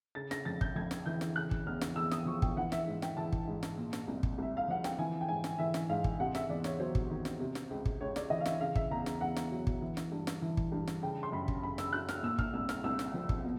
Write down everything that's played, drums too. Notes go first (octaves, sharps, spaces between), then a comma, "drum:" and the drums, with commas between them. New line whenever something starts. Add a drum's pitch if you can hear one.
C#3 A6
A#6, drum: snare
F2 A6
G6, drum: kick
F2 G#6
drum: snare
E3 G6
drum: snare
C#3 F#6
drum: kick
E2 F6
drum: snare
E2 E6
D#6, drum: snare
F3 C#6
G5, drum: kick
E3 F#5
E5, drum: snare
G#2
G5, drum: snare
E3 A5
drum: kick
G#2
drum: snare
A#2
drum: snare
C2
drum: kick
C2 E5
F5
F3 F#5
G5, drum: snare
E3 G#5
G5
G#2 G#5
drum: snare
E3 E5
drum: snare
G#2 F5
drum: kick
C3 F#5
E5, drum: snare
E2 D5
C#5, drum: snare
F#3 C5
drum: kick
D#3
drum: snare
C3
drum: snare
C#2
drum: kick
C#2 C#5
D5, drum: snare
E3 D#5
F5
E5, drum: snare
C#3 F5
E5, drum: kick
E2 A#5
drum: snare
E2 F#5
drum: snare
F#3
drum: kick
E3
drum: snare
G2
drum: snare
E3
drum: kick
G2
drum: snare
C#3 G5
C6
F#2 B5
drum: kick
F#2 B5
E6, drum: snare
F#3 F#6
F6, drum: snare
A#2 E6
F6, drum: kick
C2 E6
F6, drum: snare
C2 E6
drum: snare
F3
drum: kick
B2